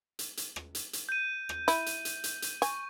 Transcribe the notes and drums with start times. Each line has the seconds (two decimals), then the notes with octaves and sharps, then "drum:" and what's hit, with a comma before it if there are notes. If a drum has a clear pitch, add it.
0.19 drum: hi-hat
0.37 drum: hi-hat
0.56 drum: rim click
0.75 drum: hi-hat
0.93 drum: hi-hat
1.09 G6 D#7
1.49 drum: rim click
1.68 E4, drum: hi-hat
1.86 drum: hi-hat
2.05 drum: hi-hat
2.24 drum: hi-hat
2.42 drum: hi-hat
2.62 G#5 C#6, drum: hi-hat